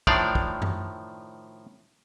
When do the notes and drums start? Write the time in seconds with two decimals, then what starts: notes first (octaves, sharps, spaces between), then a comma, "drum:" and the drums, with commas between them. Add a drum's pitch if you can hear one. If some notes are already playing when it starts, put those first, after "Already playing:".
0.07 A2 D#3 F3 D4 D5 F5, drum: kick
0.35 drum: kick
0.62 drum: tom F#2